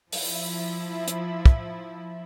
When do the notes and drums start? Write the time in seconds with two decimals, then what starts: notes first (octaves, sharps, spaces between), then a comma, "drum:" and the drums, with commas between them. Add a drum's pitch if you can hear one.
0.12 F3 E4, drum: open hi-hat
1.08 drum: hi-hat
1.46 drum: kick